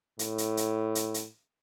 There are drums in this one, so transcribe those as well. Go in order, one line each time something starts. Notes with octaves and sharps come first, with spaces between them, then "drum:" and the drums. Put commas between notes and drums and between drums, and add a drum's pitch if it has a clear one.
A2, drum: hi-hat
drum: hi-hat
drum: hi-hat
drum: hi-hat
drum: hi-hat